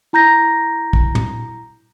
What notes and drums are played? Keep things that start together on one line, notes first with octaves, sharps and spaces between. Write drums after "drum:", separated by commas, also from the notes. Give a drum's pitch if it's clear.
E4 A#5 G6 A#6
drum: kick
drum: tom